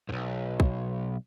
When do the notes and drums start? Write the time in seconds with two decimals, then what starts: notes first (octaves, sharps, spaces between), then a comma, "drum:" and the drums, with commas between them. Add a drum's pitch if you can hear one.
0.09 B1 G#2
0.60 drum: kick